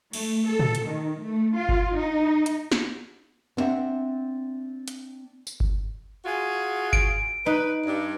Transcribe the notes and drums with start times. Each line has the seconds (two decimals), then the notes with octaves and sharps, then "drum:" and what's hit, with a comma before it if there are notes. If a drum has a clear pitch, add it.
0.13 A3, drum: cymbal
0.48 A4
0.59 drum: tom
0.75 drum: hi-hat
0.87 D#3
1.22 A3
1.58 F4
1.69 drum: kick G1
1.98 D#4
2.46 drum: hi-hat
2.72 drum: snare
3.57 B3 C4 D4 D5 E5 F#5
4.88 drum: hi-hat
5.47 drum: tambourine
5.60 drum: kick G1
6.25 F4 F#4 G#4
6.93 D7, drum: kick G1
7.46 D#4 B4
7.86 G2